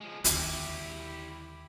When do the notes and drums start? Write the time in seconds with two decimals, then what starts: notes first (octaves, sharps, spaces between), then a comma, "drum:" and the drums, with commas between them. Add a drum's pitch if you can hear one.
0.01 F3 G#3
0.24 D#2 D3 E4 G4, drum: hi-hat